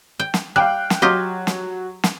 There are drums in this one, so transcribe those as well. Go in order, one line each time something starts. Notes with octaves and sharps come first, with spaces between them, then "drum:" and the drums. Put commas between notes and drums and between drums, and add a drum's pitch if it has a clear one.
G5
drum: snare
G3 F5 G5 F#6
drum: snare
F#3 F4 G4 D#5
drum: snare
drum: snare